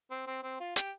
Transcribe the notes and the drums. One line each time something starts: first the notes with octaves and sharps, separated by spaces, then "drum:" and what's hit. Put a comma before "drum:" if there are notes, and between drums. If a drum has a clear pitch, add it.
C4
C4
C4
F4
G4, drum: hi-hat